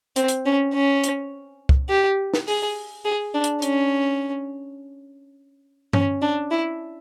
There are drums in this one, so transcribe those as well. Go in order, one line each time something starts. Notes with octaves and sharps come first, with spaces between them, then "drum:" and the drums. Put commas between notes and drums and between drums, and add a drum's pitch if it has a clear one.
C4, drum: hi-hat
drum: hi-hat
C#4
C#4
drum: hi-hat
drum: kick
G4
drum: snare
G#4, drum: open hi-hat
G#4
D4
drum: hi-hat
C#4, drum: hi-hat
C#4, drum: tom G2
D4
E4